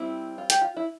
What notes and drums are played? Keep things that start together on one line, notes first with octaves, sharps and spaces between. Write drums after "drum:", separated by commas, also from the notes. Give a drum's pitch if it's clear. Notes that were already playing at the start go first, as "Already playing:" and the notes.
Already playing: G3 C4 E4
F4
G4, drum: hi-hat
F4
E4